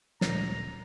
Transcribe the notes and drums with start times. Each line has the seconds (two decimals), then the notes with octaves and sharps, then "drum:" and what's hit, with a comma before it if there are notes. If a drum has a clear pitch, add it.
0.21 D2 A#2 G#3 A#5, drum: snare